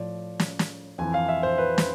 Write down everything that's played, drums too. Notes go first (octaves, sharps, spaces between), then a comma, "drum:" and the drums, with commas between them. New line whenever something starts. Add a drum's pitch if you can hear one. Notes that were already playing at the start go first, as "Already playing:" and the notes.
Already playing: A2 F3 D5
drum: snare
drum: snare
F2 E3 G#5
F5
E5
C5
B4
drum: snare